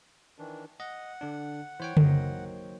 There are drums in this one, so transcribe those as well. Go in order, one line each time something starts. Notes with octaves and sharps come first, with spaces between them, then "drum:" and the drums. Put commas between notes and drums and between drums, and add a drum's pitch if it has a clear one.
D#3 E3 D4
D#5 F#5
D3 D4
E3 C5 C#5 G5
A#1 F#2 F#3 A#3 D#4, drum: tom C#3